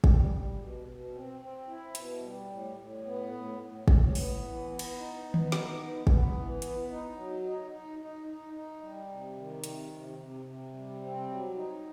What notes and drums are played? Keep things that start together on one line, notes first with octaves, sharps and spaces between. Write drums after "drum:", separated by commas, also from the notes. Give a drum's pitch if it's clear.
G3, drum: kick
G3
B2
B2
C4
C4
E4
B2, drum: hi-hat
G3
A2
A2
B3
A2
A2
A2, drum: kick
B3, drum: open hi-hat
E3
B3
drum: cymbal
D#4
B3
drum: tom D#3
D#4, drum: snare
B3
B3, drum: kick
E3
B3, drum: hi-hat
D#4
F#3
D#4
D#4
D#4
D#4
D#4
G3
C3
D#3
C3, drum: hi-hat
C3
C3
C3
G3
C4
F#3
D#4